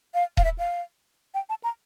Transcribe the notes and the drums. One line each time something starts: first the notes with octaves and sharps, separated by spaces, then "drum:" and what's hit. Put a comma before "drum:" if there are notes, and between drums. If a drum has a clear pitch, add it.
F5
F5, drum: kick D#1
E5
F5
G5
A5
A#5